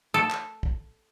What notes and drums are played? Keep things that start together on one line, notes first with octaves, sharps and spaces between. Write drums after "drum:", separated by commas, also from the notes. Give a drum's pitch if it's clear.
A4
drum: clap
drum: kick